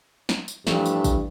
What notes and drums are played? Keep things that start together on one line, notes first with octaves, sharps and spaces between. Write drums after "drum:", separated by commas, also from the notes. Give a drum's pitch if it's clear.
drum: snare
drum: tambourine
A1 G2 F3 A3, drum: snare
drum: tambourine
drum: kick A1, tambourine